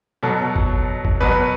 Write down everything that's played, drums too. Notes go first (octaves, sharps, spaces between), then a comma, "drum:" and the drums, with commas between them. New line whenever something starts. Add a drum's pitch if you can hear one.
B2 F#3 A4
drum: kick G1
drum: kick G1
B2 F#3 B4